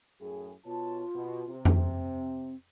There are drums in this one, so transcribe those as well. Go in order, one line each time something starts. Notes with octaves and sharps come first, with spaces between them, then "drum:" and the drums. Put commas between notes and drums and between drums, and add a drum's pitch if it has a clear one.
F#2 A2 G#4
B2 F4 C#5 A5
B2
C3
drum: tom F2
C4